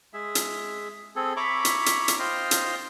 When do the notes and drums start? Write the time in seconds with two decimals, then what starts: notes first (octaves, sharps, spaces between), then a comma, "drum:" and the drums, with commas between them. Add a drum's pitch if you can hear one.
0.14 G#3 G#4 E5
0.35 drum: hi-hat
1.16 C4 G#4 A4
1.36 C#5 E5 A#5 B5 C#6 D6
1.65 drum: hi-hat
1.86 drum: hi-hat
2.08 drum: hi-hat
2.19 F4 C5 D#5 G5 C6 F6
2.51 drum: hi-hat